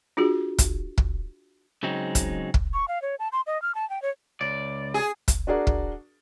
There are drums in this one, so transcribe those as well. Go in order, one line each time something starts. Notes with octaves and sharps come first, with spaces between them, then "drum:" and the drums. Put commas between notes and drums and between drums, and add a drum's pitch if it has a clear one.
D4 F4 F#4 G#4
drum: kick, hi-hat
drum: kick
C#3 F#3 G#3 C4 D#4
drum: kick, hi-hat
drum: kick
C#6
F5
C#5
A5
C6
D#5
F6
A5
G5
C#5
C#2 D5
G#4
drum: kick, hi-hat
D4 F#4 G#4 A#4 D5
drum: kick